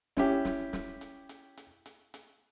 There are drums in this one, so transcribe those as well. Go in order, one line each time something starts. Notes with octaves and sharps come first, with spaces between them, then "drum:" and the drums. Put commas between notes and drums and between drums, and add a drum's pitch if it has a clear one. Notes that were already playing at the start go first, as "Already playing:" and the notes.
C#4 E4 G4, drum: snare
drum: snare
drum: snare
drum: hi-hat
drum: hi-hat
drum: hi-hat
drum: hi-hat
drum: hi-hat